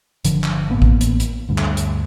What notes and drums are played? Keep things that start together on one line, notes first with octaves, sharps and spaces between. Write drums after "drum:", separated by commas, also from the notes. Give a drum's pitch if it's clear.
G1 D3 F3, drum: hi-hat
drum: clap
A1 A#3 B3
drum: kick
drum: hi-hat
drum: hi-hat
D2 G2
drum: clap
drum: hi-hat